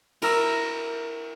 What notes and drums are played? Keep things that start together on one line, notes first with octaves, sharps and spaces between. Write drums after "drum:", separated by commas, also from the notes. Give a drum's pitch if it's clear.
E4 A#4 A#5 E6, drum: cymbal